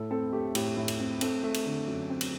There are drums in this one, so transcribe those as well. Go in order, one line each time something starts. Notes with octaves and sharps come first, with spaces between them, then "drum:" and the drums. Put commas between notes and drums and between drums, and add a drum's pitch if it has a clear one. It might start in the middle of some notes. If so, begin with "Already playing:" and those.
Already playing: A2 A4
C4 A4
A3 G4
A2 G4, drum: cymbal
A2
drum: cymbal
C4
C4 A4, drum: cymbal
A3
drum: cymbal
D3
F#2
C4
drum: cymbal